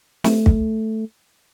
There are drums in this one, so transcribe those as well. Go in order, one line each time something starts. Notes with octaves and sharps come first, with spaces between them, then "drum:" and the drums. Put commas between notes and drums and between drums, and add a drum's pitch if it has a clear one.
A3, drum: snare
drum: kick